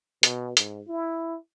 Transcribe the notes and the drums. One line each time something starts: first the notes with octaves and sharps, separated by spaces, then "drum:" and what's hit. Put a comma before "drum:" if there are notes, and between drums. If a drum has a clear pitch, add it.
B2, drum: hi-hat
G#2, drum: hi-hat
E4